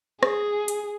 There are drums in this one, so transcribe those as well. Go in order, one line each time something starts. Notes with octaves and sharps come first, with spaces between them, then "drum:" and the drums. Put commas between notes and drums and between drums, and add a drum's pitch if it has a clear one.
G#4, drum: rim click
drum: hi-hat